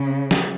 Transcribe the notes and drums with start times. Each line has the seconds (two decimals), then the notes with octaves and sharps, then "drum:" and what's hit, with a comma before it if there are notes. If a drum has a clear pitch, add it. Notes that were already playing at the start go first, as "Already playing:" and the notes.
Already playing: C#3
0.31 drum: snare